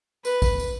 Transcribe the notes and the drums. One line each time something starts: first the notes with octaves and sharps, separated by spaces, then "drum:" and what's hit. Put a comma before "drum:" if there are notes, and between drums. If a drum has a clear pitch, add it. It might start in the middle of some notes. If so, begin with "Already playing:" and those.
B4, drum: tambourine
drum: kick, tambourine
drum: tambourine